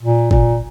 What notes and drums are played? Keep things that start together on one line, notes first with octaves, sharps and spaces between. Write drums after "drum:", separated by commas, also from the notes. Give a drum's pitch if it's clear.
A#2
A#2, drum: kick